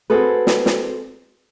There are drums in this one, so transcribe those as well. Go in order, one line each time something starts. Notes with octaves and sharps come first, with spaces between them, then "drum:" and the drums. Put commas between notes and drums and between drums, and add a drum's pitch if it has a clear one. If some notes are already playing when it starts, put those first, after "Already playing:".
C4 F#4 G#4 A4 B4
drum: snare
drum: snare